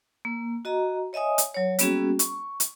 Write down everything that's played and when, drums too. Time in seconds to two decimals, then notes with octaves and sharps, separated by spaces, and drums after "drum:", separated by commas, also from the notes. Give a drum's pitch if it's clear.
0.25 A#3
0.65 F#4 D#5 A#5
1.13 C#5 D#5 E5 G#5 D#6
1.38 drum: hi-hat
1.54 F#3 C#5
1.79 G3 A#3 B3 C#4 F#4 G#4, drum: hi-hat
2.19 C#6, drum: hi-hat
2.60 drum: hi-hat